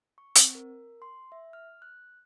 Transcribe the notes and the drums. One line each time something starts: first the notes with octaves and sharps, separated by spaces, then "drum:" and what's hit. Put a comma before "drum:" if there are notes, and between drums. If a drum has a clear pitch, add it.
C#6
C4, drum: hi-hat
A#4
C6
E5
F6
F#6